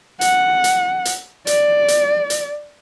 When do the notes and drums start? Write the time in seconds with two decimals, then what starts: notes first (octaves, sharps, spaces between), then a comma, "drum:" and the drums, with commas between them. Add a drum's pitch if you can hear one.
0.21 F#5, drum: hi-hat
0.64 drum: hi-hat
1.05 drum: hi-hat
1.47 D5, drum: hi-hat
1.88 drum: hi-hat
2.30 drum: hi-hat